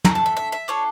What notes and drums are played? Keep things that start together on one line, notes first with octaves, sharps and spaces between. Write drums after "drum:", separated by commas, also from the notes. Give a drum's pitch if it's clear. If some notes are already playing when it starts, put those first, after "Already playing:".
A3 D4 A4 A#5, drum: tom
A5
E5
E5
E5
D4 F4 A4 C#5